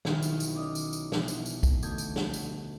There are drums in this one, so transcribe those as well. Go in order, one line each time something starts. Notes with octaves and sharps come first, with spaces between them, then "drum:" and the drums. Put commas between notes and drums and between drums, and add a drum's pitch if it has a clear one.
B1 D#3 E4 B4 F6, drum: snare
drum: tambourine
drum: tambourine
C#4 D5 D#5
drum: tambourine
drum: tambourine
B2 E3, drum: snare
drum: tambourine
drum: tambourine
drum: kick, tambourine
D2 A3 D#5 G6 G#6, drum: tambourine
drum: tambourine
drum: snare
drum: tambourine